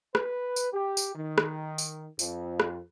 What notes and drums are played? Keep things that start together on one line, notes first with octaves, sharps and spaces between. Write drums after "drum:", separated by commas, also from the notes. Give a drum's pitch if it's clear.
B4, drum: rim click
drum: tambourine
G4
drum: tambourine
D#3
drum: rim click
drum: tambourine
F2, drum: tambourine
drum: rim click